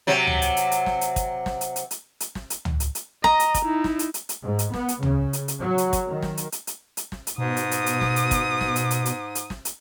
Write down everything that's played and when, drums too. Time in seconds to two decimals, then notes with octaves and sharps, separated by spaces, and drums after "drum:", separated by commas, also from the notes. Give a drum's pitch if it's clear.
0.07 C3 F#3
0.27 drum: tom
0.42 drum: hi-hat
0.57 drum: hi-hat
0.71 drum: hi-hat
0.86 drum: snare
1.01 drum: hi-hat
1.16 drum: kick, hi-hat
1.46 drum: snare
1.61 drum: hi-hat
1.76 drum: hi-hat
1.91 drum: hi-hat
2.20 drum: hi-hat
2.35 drum: snare
2.50 drum: hi-hat
2.65 drum: tom
2.80 drum: hi-hat
2.95 drum: hi-hat
3.24 D#5 A#5, drum: snare
3.40 drum: hi-hat
3.54 drum: kick, hi-hat
3.64 D#4 E4
3.84 drum: snare
3.99 drum: hi-hat
4.14 drum: hi-hat
4.29 drum: hi-hat
4.43 G#2
4.59 drum: hi-hat
4.74 B3, drum: snare
4.88 drum: hi-hat
5.03 C#3, drum: tom
5.33 drum: hi-hat
5.48 drum: hi-hat
5.60 F#3
5.78 drum: hi-hat
5.93 drum: kick, hi-hat
6.07 D#3
6.22 drum: snare
6.37 drum: hi-hat
6.52 drum: hi-hat
6.67 drum: hi-hat
6.97 drum: hi-hat
7.12 drum: snare
7.27 drum: hi-hat
7.38 G#2 B2 D#6
7.57 drum: hi-hat
7.71 drum: hi-hat
7.86 drum: hi-hat
8.01 drum: snare
8.16 drum: hi-hat
8.31 drum: kick, hi-hat
8.61 drum: snare
8.76 drum: hi-hat
8.91 drum: hi-hat
9.05 drum: hi-hat
9.35 drum: hi-hat
9.50 drum: snare
9.65 drum: hi-hat